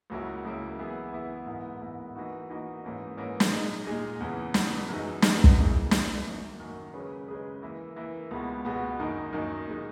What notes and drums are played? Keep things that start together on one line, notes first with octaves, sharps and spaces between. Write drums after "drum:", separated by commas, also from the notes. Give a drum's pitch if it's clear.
C#2 C#3 F#3 A#3 E4
C#2 C#3 F#3 A#3 E4
E3 B3 E4 G#4
E3 B3 E4 G#4
G#2 E3 B3 E4 A#4
G#2 E3 B3 E4 A#4
E3 A#3 D#4 F#4
E3 A#3 D#4 F#4
G#2 E3 A#3 C#4
G#2 E3 A#3 C#4
drum: snare
A#2 G#3 D#4 G#4
A#2 G#3 D#4 G#4
E2 C#3 E3
E2 C#3 E3, drum: snare
F#2 E3 G#3 D#4
F#2 E3 G#3 D#4, drum: snare
drum: kick
C#3 E3 A#3 E4 G#4
C#3 E3 A#3 E4 G#4, drum: snare
F#2 D#3 A#3
F#2 D#3 A#3
C#3 G#3 C#4 G#4 B4
C#3 G#3 C#4 G#4 B4
E3 A#3 E4
E3 A#3 E4
C#2 B2 G#3 B3 F#4
C#2 B2 G#3 B3 F#4
F#2 D#3 A#3 D#4
F#2 D#3 A#3 D#4
A#2 G#3 D#4